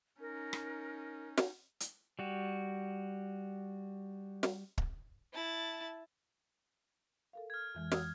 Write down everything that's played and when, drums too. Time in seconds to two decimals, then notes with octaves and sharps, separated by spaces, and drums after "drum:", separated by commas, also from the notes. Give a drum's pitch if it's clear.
0.20 C#4 D#4 A#4
0.53 drum: rim click
1.38 drum: snare
1.80 drum: hi-hat
2.19 G3 F#4
4.43 drum: snare
4.78 drum: kick
5.33 E4 A5
7.33 A4 A#4 F5
7.50 F6 G#6
7.74 F2 E3 G#3
7.92 D#6 E6, drum: snare